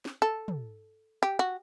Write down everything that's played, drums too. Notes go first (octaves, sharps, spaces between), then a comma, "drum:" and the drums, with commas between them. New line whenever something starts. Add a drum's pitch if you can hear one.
drum: snare
A4
drum: tom
G4
F#4